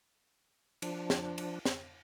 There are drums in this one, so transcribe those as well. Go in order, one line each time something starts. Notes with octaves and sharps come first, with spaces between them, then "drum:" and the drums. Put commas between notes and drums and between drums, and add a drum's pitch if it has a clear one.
F3 D4, drum: cymbal
drum: snare
drum: cymbal
drum: snare